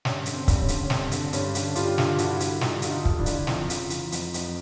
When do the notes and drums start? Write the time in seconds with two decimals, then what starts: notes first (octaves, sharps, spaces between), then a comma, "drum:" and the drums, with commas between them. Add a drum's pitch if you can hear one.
0.05 G2 C#4, drum: snare
0.26 D3, drum: hi-hat
0.33 C4
0.48 G2, drum: kick C#1, hi-hat
0.61 C#4
0.68 D3, drum: hi-hat
0.84 C#4
0.90 G2 C4, drum: snare
1.11 D3, drum: hi-hat
1.33 G2 C#4, drum: hi-hat
1.55 D3, drum: hi-hat
1.75 G2 F4 G4, drum: hi-hat
1.98 D3, drum: snare
2.18 G2 E4 F#4, drum: hi-hat
2.40 D3, drum: hi-hat
2.61 G2 D#4 F4, drum: snare
2.82 D3 F#4, drum: hi-hat
2.90 D#4 F4
3.05 G2, drum: kick C#1
3.19 D4 E4
3.26 D3, drum: hi-hat
3.47 F2 D#4 F4, drum: snare
3.70 C#3, drum: hi-hat
3.90 E3, drum: hi-hat
4.12 F2, drum: hi-hat
4.34 F2, drum: hi-hat